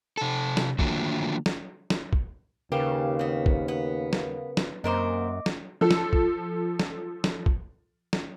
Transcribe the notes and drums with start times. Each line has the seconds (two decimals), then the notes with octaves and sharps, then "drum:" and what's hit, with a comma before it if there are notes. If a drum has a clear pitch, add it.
0.17 C3 A4
0.57 drum: snare
0.79 D3 D#3 F3 F#3 A3 A#3, drum: kick
1.46 drum: snare
1.90 drum: snare
2.13 drum: kick
2.72 D#2 C#3 G4 A#4 B4 F5
3.19 B3 C4
3.46 drum: kick
3.68 B3
4.13 drum: snare
4.57 drum: snare
4.84 F#2 C3 A#3 A#4 C5 D#5 D6
5.46 drum: snare
5.81 F3 A4
5.91 drum: snare
6.13 drum: kick
6.79 drum: snare
7.24 drum: snare
7.46 drum: kick
8.13 drum: snare